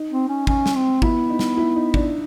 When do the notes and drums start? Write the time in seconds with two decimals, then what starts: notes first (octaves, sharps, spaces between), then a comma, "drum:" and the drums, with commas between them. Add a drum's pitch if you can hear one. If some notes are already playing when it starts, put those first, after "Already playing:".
Already playing: D#4
0.11 C4
0.29 C#4
0.47 C#4, drum: kick
0.66 drum: snare
0.75 C4
1.02 B3 E4, drum: kick
1.30 D#4
1.39 drum: snare
1.57 E4
1.76 D#4
1.94 D4, drum: kick